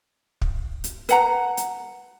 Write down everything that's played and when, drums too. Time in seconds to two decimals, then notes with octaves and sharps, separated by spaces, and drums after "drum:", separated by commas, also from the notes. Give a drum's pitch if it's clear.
0.41 drum: kick
0.84 drum: hi-hat
1.09 B4 F#5 A#5, drum: hi-hat
1.57 drum: hi-hat